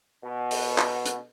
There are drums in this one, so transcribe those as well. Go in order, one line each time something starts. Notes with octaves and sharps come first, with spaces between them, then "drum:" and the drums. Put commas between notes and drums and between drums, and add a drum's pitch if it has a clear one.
B2
drum: open hi-hat
drum: clap
drum: hi-hat